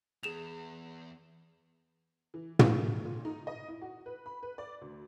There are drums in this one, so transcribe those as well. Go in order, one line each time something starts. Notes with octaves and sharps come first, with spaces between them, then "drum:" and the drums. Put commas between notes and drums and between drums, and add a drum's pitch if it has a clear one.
E2 G#4 E7 F7
E3
A3, drum: tom
A#2
D#4
D#5
E4
F#4
B4
B5
B4
D5
D2